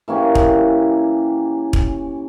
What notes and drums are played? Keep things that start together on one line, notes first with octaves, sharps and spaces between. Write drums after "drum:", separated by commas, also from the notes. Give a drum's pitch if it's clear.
E3 A#3 C#4 G4
drum: kick
drum: kick